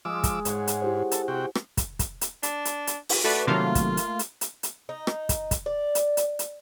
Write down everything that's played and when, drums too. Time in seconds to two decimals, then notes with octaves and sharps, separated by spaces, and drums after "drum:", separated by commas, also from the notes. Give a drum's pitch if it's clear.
0.05 F3 G#3 D6 E6
0.24 drum: kick, hi-hat
0.45 G#2 C#5 F#5 G#5, drum: hi-hat
0.67 drum: hi-hat
0.82 E4 G4 C5
1.11 A4, drum: hi-hat
1.28 C3 F#4 G5
1.55 drum: rim click
1.77 drum: kick, hi-hat
1.99 drum: kick, hi-hat
2.21 drum: hi-hat
2.43 D4, drum: hi-hat
2.65 drum: hi-hat
2.87 drum: hi-hat
3.09 drum: open hi-hat
3.24 A3 F#4 B4 D5
3.47 C3 D#3 F#3 A3 A#3 F4 F5
3.75 drum: kick, hi-hat
3.97 drum: hi-hat
4.19 drum: hi-hat
4.41 drum: hi-hat
4.63 drum: hi-hat
4.89 D#4
5.07 drum: rim click
5.29 drum: kick, hi-hat
5.51 drum: kick, hi-hat
5.66 D5
5.95 drum: hi-hat
6.17 drum: hi-hat
6.39 drum: hi-hat